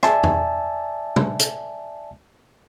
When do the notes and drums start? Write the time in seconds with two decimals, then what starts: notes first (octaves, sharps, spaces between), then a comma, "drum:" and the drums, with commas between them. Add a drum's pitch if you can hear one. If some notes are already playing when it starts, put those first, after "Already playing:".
0.03 D5 E5 G#5 A5, drum: rim click
0.23 drum: tom E2
1.16 drum: tom C3
1.39 drum: hi-hat